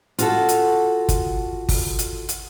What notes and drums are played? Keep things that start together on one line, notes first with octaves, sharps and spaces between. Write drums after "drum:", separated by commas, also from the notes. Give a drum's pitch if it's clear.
F4 F#4 A4, drum: hi-hat
drum: hi-hat
drum: kick, hi-hat
drum: kick, open hi-hat
drum: hi-hat
drum: hi-hat